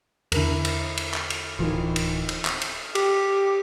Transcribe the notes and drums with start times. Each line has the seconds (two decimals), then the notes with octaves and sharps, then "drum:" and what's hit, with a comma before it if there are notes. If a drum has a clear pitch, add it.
0.32 E2 D3 E4 A#4, drum: cymbal
0.65 drum: cymbal
0.97 drum: cymbal
1.14 drum: clap
1.30 drum: cymbal
1.59 D1 D#3 E3 F4
1.96 drum: cymbal
2.29 drum: cymbal
2.45 drum: clap
2.61 drum: cymbal
2.95 G4, drum: cymbal